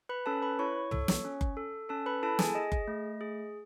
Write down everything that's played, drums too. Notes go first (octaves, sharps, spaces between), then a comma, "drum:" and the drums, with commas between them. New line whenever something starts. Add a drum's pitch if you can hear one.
B4 B5
C#4 A4 A5
B4 B5
E4 C#5 C#6
A4, drum: tom
drum: snare
C#4
drum: kick F#1
A4
C#4 A4 A5
B4 B5
E4 A4 A5
G#4 G#5, drum: snare
G#4 D#5
drum: kick F#1
A3
G#4